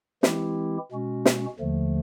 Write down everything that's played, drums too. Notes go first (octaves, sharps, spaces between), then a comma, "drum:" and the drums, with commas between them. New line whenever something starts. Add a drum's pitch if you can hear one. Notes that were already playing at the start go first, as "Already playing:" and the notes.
E3 G#3 C4 E4 G4, drum: snare
B2 G#3 C#4 F#4
drum: snare
D#2 D3 F3 A3